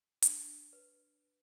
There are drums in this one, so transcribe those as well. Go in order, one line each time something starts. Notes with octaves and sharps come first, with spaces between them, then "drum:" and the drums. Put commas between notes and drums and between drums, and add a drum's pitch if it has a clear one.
D4, drum: hi-hat
B4